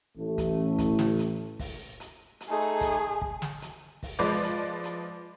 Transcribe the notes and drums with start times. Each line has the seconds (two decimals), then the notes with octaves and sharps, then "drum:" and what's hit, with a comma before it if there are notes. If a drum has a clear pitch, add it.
0.18 A1 A3
0.38 drum: kick, hi-hat
0.78 drum: kick, hi-hat
0.99 drum: snare
1.19 drum: hi-hat
1.59 drum: kick, open hi-hat
2.00 drum: hi-hat
2.40 drum: hi-hat
2.50 A3 D#4 G#4
2.81 drum: kick, hi-hat
3.22 drum: kick
3.42 drum: snare
3.62 drum: hi-hat
4.03 drum: kick, open hi-hat
4.19 F3 G#3 B4 D5
4.43 drum: hi-hat
4.84 drum: hi-hat